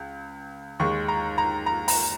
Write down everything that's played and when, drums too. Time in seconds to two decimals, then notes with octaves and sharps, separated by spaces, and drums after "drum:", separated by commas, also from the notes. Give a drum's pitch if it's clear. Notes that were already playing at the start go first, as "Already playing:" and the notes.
Already playing: C#2
0.80 D#2 D#3 G#3 C#6
1.08 A#5
1.38 A#5
1.66 A#5
1.88 A#5, drum: open hi-hat